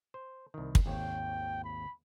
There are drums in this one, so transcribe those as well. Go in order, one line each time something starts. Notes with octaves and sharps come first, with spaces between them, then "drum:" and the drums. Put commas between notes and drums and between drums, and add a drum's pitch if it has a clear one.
C5
C2 D#3
drum: kick
G#1 D#2 C#5 G5
B5